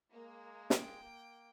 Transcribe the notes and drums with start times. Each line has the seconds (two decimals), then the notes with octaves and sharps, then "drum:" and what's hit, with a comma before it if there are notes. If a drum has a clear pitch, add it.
0.12 G#3 A#3
0.70 G5, drum: snare
1.03 A#3